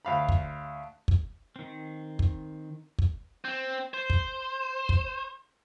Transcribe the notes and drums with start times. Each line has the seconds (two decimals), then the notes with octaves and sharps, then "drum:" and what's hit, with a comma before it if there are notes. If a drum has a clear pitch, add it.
0.05 D2 F5 B5
0.29 drum: kick
1.08 drum: kick
1.56 D#3 C4
2.19 drum: kick
2.99 drum: kick
3.45 C4
3.94 C5
4.10 drum: kick
4.89 drum: kick